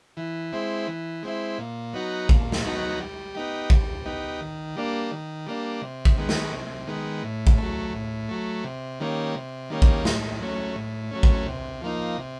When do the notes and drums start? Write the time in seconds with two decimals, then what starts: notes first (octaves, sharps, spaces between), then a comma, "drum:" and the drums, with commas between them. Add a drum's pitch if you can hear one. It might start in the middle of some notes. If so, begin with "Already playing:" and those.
0.17 E3
0.53 G#3 C4 E4
0.88 E3
1.23 G#3 C4 E4
1.58 A#2
1.93 F#3 B3 D#4 F#4
2.29 A#2, drum: kick A1
2.52 drum: snare
2.65 F#3 B3 D#4 F#4
3.00 G3
3.35 B3 D#4 G4
3.70 G3, drum: kick A1
4.05 B3 D#4 G4
4.41 D#3
4.76 G3 A#3 D4
5.11 D#3
5.47 G3 A#3 D4
5.82 C3
6.05 drum: kick A1
6.17 D#3 G#3 B3
6.29 drum: snare
6.52 C3
6.87 D#3 G#3 B3
7.23 A2
7.47 drum: kick A1
7.58 F#3 A3
7.94 A2
8.29 F#3 A3
8.64 C3
9.00 D#3 G3 A#3 C#4
9.35 C3
9.70 D#3 G3 A#3 C#4
9.82 drum: kick A1
10.05 A2, drum: snare
10.41 F#3 A3 C#4
10.76 A2
11.11 F#3 A3 C#4
11.23 drum: kick A1
11.46 C3
11.81 F3 A#3 D#4
12.17 C3